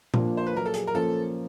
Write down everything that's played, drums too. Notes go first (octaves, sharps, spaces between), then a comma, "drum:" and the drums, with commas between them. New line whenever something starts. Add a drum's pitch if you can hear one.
A#2 F3 A#3 D4 F4, drum: tom A#2
C5
B4
A#2 F#3 A#3 A#4
A4
G#4, drum: hi-hat
A#4
A#2 F3 A#3 C#4 F4 A4